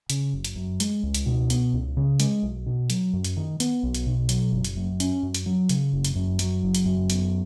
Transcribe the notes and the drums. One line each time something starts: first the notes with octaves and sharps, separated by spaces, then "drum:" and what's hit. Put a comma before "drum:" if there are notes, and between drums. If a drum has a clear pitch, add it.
C#3, drum: hi-hat
F#1
drum: hi-hat
F#2
G#3, drum: hi-hat
C#2
drum: hi-hat
B2
B3, drum: hi-hat
C#2
C#3
G#3, drum: hi-hat
B1
B2
F#3, drum: hi-hat
F#2
drum: hi-hat
D#3
B3, drum: hi-hat
B1
drum: hi-hat
B2
F#3, drum: hi-hat
F#1
drum: hi-hat
F#2
C#4, drum: hi-hat
F#2
drum: hi-hat
F#3
C#3, drum: hi-hat
F#1
drum: hi-hat
F#2
F#3, drum: hi-hat
F#1
drum: hi-hat
F#2
B3, drum: hi-hat